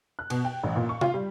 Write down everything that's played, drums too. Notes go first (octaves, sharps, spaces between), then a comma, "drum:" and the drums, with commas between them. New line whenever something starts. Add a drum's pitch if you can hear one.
F#6
B2, drum: cymbal
G5
A1
A#2
C#6
F4, drum: tom C3
G3